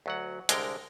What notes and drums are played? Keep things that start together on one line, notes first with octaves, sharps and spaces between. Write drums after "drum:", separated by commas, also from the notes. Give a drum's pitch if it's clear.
D2 F#3 F#5
C2 D3 G#3 A#4 G5 A#5, drum: hi-hat